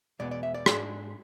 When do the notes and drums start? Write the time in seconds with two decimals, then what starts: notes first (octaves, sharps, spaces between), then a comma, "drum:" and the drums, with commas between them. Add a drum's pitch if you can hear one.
0.19 E2 B2 G#3 B3 D5
0.31 D5
0.43 E5
0.54 D5
0.66 G#2 G#3 D4, drum: rim click